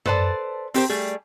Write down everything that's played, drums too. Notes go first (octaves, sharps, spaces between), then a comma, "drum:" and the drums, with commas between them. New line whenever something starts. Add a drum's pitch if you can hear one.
A4 B4 C5 D5 A5, drum: tom F#2
C4 G4 A#4 C5, drum: open hi-hat
G3 A3 G#4